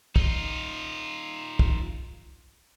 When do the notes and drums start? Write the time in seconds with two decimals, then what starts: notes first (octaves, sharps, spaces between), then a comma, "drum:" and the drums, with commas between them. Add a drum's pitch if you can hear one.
0.16 D#4 F4, drum: kick
1.59 drum: kick